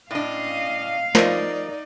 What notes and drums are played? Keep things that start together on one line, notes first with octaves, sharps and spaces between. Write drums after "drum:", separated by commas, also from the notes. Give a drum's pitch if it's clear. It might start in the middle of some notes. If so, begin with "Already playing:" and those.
A2 C#4 D4 D#5 F5
F3 D#4 A#4 D5 D#5, drum: snare